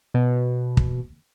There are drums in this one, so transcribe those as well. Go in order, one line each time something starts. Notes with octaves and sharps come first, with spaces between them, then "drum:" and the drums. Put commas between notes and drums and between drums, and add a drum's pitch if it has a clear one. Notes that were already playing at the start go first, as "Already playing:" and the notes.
B2
drum: kick